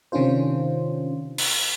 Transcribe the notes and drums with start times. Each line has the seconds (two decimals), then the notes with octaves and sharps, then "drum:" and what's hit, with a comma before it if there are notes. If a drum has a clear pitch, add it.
0.12 C3 D#3 C#4 D4 F4 C5
1.38 drum: open hi-hat